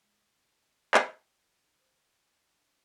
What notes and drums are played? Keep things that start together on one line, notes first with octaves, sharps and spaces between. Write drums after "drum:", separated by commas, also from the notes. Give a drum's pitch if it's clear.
G#3
D#2
drum: clap
G5
D#4
C5
D4